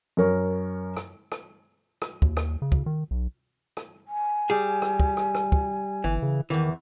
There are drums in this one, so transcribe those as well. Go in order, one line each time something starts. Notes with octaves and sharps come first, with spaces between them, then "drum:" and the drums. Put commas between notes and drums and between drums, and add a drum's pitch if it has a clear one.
F#2 A#4 C#5
drum: rim click
drum: rim click
drum: rim click
D#2, drum: kick
drum: rim click
C#3
drum: kick
D#3
B1
drum: rim click
G#5
G3 G#4
drum: rim click
drum: kick
drum: rim click
drum: rim click
drum: kick
G1 E3
C#3
E2 D#3 E3